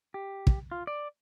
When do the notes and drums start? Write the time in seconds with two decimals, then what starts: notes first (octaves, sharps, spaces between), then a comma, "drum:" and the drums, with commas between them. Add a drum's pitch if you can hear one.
0.14 G4
0.47 drum: kick
0.72 F4
0.87 D5